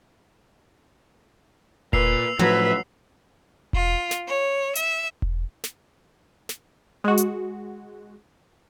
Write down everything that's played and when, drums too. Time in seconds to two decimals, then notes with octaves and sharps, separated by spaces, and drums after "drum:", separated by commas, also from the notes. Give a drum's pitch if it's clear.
1.93 A#2 B4 E6 C7 F7, drum: kick E1
2.39 A2 F3 F#3 B4 E5
3.73 F4, drum: kick E1
4.11 drum: snare
4.27 C#5
4.75 E5, drum: hi-hat
5.22 drum: kick E1
5.64 drum: snare
6.49 drum: snare
7.04 G#3 F#4
7.18 drum: hi-hat